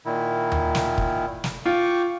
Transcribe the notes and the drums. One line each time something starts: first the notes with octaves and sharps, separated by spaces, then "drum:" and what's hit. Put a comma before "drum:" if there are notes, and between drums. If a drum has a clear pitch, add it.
A#2 D#3 E4
drum: tom D#2
drum: snare
drum: kick
drum: snare
F4 G5 C#6 D6